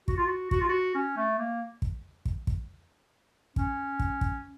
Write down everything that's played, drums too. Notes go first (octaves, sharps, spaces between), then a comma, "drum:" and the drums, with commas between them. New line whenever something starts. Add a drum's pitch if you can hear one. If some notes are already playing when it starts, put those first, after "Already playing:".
F#4, drum: kick
F4
F#4
F#4, drum: kick
F4
F#4
C#4
A3
A#3
drum: kick
drum: kick
drum: kick
C#4, drum: kick
drum: kick
drum: kick